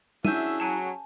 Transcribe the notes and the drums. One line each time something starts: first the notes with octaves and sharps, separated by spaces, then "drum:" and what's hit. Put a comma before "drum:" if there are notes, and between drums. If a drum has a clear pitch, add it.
C#4 D4 E4 F#4 G#4 E5 G6 D#7, drum: tom
F#3 G#5 A5